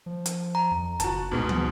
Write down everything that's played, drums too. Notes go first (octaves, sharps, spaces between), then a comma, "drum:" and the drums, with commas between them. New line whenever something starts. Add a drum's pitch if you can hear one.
F3
drum: hi-hat
A#5
F2
F#1 F#4 A5, drum: hi-hat
D2 G#2 B2
drum: tom